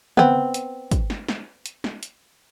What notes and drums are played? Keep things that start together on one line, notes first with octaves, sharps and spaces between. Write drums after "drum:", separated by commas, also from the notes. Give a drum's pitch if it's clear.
B3 C4, drum: tom
drum: hi-hat
drum: kick, hi-hat
drum: snare
drum: snare
drum: hi-hat
drum: snare
drum: hi-hat